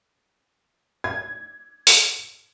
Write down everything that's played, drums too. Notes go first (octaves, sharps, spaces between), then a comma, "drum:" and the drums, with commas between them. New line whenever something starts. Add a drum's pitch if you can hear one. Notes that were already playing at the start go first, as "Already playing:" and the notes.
G#6
drum: open hi-hat